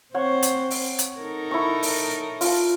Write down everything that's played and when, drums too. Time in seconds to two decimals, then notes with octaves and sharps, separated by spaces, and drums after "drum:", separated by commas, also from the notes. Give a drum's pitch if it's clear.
0.14 C4 C5 C#5 F#5 C#6
0.42 drum: hi-hat
0.71 drum: open hi-hat
0.99 drum: hi-hat
1.19 D#4 A4 A#4
1.51 E4 C#6
1.83 drum: open hi-hat
2.41 F4 A5, drum: open hi-hat